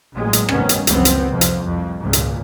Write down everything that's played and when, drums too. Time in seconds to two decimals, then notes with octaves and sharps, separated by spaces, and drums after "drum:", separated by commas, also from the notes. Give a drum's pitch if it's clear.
0.14 A1 A#2 F#3 G#3
0.33 drum: hi-hat
0.49 F1 G2 D#3 B3 C#4, drum: rim click
0.69 drum: hi-hat
0.87 F#1 C#2 F3 B3 C4, drum: hi-hat
1.05 drum: hi-hat
1.31 C2 F2 F3
1.41 drum: hi-hat
1.66 C2 F2
2.01 G#1 C#2 A#2
2.13 drum: hi-hat